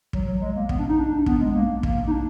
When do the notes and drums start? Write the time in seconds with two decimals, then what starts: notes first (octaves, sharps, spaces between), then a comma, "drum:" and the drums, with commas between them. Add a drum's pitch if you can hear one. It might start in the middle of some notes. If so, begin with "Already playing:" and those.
0.13 F#3, drum: kick
0.27 F#3
0.41 G#3
0.56 A#3
0.69 B3, drum: kick
0.79 D4
0.89 D#4
0.98 D4
1.26 B3, drum: kick
1.40 G#3
1.55 A#3
1.83 A#3, drum: kick
2.07 D#4
2.11 D4